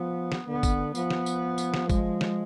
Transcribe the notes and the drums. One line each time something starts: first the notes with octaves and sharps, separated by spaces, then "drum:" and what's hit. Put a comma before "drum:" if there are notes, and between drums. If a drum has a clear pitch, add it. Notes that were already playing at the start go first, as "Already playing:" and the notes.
Already playing: F3 B3
drum: snare
D3 B3
drum: kick, tambourine
F3 B3, drum: tambourine
drum: snare
drum: tambourine
drum: tambourine
drum: snare
G#3, drum: kick, tambourine
drum: snare